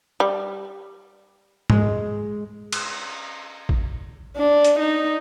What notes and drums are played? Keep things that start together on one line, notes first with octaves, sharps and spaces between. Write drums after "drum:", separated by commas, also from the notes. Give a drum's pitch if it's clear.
G3
G#3, drum: tom G#2
drum: cymbal
drum: kick A1
D4
drum: hi-hat
D#4